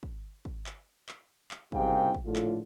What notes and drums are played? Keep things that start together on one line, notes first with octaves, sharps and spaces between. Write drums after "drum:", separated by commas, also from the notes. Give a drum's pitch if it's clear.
drum: kick
drum: kick
drum: clap
drum: clap
drum: clap
F#1 C2 G#2 G4 F5 G5, drum: kick
drum: kick
A#1 A2 D3 F4
drum: clap